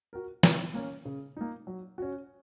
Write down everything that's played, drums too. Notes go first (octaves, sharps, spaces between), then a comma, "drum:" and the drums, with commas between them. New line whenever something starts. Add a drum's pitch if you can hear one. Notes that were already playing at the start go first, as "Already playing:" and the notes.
F#4 A#4
D#3, drum: snare
A#3 C#4
C#3
A#3 D#4
F#3
C#4 F#4